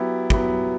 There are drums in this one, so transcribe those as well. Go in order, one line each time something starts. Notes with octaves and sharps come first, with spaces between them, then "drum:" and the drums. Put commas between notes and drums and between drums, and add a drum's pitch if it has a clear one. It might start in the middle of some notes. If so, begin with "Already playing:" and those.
Already playing: F#3 B3 E4 G4
F#3 B3 E4 G4, drum: kick